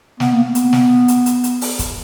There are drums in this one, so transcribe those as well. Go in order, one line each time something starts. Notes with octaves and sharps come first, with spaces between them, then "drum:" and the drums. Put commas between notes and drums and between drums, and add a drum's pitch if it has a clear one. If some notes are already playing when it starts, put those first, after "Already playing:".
B3, drum: snare
A#3
B3
drum: hi-hat
drum: snare
drum: hi-hat
drum: hi-hat
drum: hi-hat
drum: open hi-hat
drum: kick, hi-hat